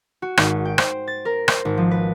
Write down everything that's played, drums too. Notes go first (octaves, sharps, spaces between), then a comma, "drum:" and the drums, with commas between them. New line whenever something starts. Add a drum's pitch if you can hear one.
F#4
G#1, drum: rim click
G5
C5, drum: rim click
A6
A#4
C5, drum: rim click
G#1
F3
B4